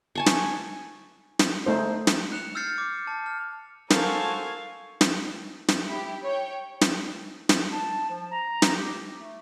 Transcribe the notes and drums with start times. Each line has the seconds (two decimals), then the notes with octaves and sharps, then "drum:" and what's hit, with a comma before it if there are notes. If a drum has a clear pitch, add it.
0.15 G#5 A5 C#6
0.26 drum: snare
1.39 drum: snare
1.66 A3 D#4 C5
2.07 drum: snare
2.32 F#6 C#7 E7 F7
2.55 E6 F6 G6 A6 C7 C#7
2.78 D6
3.07 A5
3.26 F6
3.90 F#4 A4 A#4 C5 F5 G#5 A5 C#6, drum: snare
5.01 drum: snare
5.68 drum: snare
5.85 E4 G4
6.24 C#5 G5
6.81 drum: snare
7.49 drum: snare
7.72 A5
8.09 F3
8.31 A#5
8.62 drum: snare
8.76 G4
9.16 A3